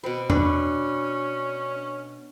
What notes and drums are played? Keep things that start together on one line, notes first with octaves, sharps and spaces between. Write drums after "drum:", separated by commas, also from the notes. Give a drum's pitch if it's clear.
B2 C4 B4
C#4 D4 B4, drum: tom